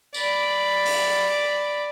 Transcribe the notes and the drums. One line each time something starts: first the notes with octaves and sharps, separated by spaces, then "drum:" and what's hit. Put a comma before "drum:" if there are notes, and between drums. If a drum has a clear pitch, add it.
D5 B5, drum: tambourine
drum: open hi-hat